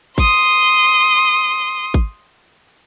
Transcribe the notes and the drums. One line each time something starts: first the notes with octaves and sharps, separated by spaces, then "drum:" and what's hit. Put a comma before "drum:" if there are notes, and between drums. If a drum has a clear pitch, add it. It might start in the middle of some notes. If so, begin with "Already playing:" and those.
C6 D#6, drum: kick
drum: kick